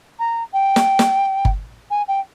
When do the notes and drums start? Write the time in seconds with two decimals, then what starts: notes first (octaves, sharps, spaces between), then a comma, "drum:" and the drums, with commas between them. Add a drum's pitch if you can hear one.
0.19 A#5
0.53 G5
0.76 drum: snare
0.99 drum: snare
1.45 drum: kick G1
1.90 G#5
2.08 G5